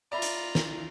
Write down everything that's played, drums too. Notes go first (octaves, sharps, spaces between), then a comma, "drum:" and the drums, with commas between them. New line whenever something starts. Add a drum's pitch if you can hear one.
F4 D5 E5 A#5 B5
drum: hi-hat
drum: snare